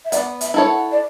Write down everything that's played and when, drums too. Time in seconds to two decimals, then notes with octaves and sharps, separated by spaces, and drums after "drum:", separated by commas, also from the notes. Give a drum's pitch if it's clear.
0.05 E5
0.12 B3 D5, drum: hi-hat
0.41 E5, drum: hi-hat
0.54 E4 A4 C#5
0.69 F#5
0.92 D5